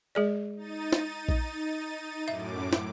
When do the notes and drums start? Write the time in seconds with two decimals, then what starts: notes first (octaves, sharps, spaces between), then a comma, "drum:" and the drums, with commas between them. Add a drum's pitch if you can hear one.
0.15 G#3 G#4 D5
0.56 D#4 A6 D#7
0.93 drum: snare
1.29 drum: kick A#1
2.28 F#2 A2 E5 D6
2.73 drum: snare